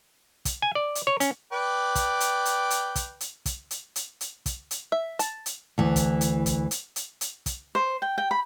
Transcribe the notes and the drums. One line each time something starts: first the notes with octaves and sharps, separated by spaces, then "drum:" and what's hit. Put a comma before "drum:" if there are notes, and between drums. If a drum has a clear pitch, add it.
drum: kick, hi-hat
G#5
D5
drum: hi-hat
C#5
C#4, drum: hi-hat
B4 D5 G5
drum: kick, hi-hat
drum: hi-hat
drum: hi-hat
drum: hi-hat
drum: kick, hi-hat
drum: hi-hat
drum: kick, hi-hat
drum: hi-hat
drum: hi-hat
drum: hi-hat
drum: kick, hi-hat
drum: hi-hat
E5
A5, drum: hi-hat
drum: hi-hat
D2 E3
drum: kick, hi-hat
drum: hi-hat
drum: kick, hi-hat
drum: hi-hat
drum: hi-hat
drum: hi-hat
drum: kick, hi-hat
C5
G5
G5
B5